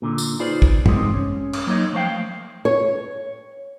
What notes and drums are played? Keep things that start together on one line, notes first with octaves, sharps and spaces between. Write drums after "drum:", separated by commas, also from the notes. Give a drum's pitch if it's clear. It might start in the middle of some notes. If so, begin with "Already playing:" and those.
A#2 D3
drum: tambourine
D#4 F4 G#4 B4 C5 D5
drum: kick
C2 C3 G#3 C4 D#4, drum: tom
C#4
drum: cymbal
F#3 A#3 D#4 C#5 D#5
F3 A3 C5 F5 G5
C#5